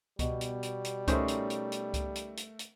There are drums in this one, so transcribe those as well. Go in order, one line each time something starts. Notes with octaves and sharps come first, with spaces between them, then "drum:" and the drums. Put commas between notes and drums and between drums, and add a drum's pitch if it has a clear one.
B2 G3, drum: kick C#2, hi-hat
drum: hi-hat
drum: hi-hat
drum: hi-hat
A3 C#4 D#4 A#4 C5 E5, drum: kick C#2, hi-hat
drum: hi-hat
drum: hi-hat
drum: hi-hat
drum: kick C#2, hi-hat
drum: hi-hat
drum: hi-hat
drum: hi-hat